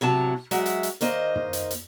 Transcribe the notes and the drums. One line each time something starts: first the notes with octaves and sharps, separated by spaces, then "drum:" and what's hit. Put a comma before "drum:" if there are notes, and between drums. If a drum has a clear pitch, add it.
A2 C3 F#3 A5
F#3 G#3 E5 F#5, drum: hi-hat
drum: hi-hat
drum: hi-hat
D#2 A#3 C5 D#5, drum: hi-hat
drum: tom
drum: hi-hat
drum: hi-hat